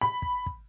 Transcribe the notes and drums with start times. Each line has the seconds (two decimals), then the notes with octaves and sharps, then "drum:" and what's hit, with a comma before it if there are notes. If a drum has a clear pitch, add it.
0.01 B5
0.22 drum: kick
0.46 drum: kick